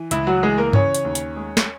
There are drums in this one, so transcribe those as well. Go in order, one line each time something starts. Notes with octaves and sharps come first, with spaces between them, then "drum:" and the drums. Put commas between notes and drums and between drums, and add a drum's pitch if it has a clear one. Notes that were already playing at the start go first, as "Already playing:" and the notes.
Already playing: E3
C#2 E4, drum: hi-hat
F#3 F#4
E3 G#3 G#4
A#3 A#4
C#3 C#4 C#5, drum: tom G2
drum: hi-hat
D#2
drum: hi-hat
G#3
drum: snare